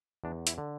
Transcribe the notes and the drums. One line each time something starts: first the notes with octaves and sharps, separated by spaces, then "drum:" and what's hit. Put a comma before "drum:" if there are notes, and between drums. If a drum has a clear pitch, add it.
E2 D4
E4, drum: hi-hat
D3